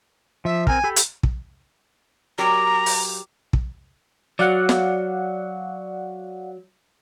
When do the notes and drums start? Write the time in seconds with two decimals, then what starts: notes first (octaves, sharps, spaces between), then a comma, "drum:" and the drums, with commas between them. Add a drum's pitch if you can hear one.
0.45 F3 E5
0.67 C4 A#4 G#5, drum: kick
0.84 G4 A4 B5
0.96 drum: hi-hat
1.23 drum: kick
2.38 F#3 G4 A#4 A#5
2.86 drum: open hi-hat
3.53 drum: kick
4.39 F#3 D5 F5 F#5
4.69 drum: snare